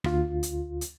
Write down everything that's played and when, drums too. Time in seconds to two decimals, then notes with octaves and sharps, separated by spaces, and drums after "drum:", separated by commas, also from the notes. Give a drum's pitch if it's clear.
0.04 D2 F4, drum: rim click
0.43 drum: hi-hat
0.81 drum: hi-hat